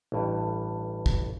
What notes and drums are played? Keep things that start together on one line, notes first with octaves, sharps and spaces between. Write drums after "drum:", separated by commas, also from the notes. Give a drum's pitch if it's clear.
A1 G2
drum: kick